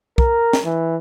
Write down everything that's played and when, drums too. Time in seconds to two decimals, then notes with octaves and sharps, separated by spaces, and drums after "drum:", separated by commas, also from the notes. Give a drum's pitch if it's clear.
0.18 A#4, drum: kick
0.53 drum: snare
0.65 E3